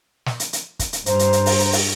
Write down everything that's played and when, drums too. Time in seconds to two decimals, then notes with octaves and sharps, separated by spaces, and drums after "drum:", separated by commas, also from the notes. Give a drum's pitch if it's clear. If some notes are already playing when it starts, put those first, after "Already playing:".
0.26 drum: snare
0.40 drum: hi-hat
0.53 drum: hi-hat
0.79 drum: kick, hi-hat
0.93 drum: hi-hat
1.06 G2 C5 A#5, drum: hi-hat
1.19 drum: hi-hat
1.33 drum: hi-hat
1.46 drum: open hi-hat
1.59 drum: hi-hat
1.72 drum: open hi-hat